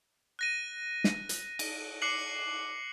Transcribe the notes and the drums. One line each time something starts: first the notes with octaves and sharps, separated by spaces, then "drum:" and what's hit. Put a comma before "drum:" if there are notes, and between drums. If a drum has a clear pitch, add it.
F#6 A#6 D#7
drum: snare
drum: hi-hat
drum: cymbal
D6 F#6 C7 C#7 F#7